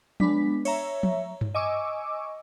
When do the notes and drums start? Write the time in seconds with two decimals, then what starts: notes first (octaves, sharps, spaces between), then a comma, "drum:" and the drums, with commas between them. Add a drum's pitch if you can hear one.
0.20 G#3 B3 D4 B6, drum: tom F3
0.65 C#5 E5 A#5, drum: cymbal
1.03 drum: tom F3
1.41 drum: tom G2
1.54 D#5 G#5 C#6 D6 E6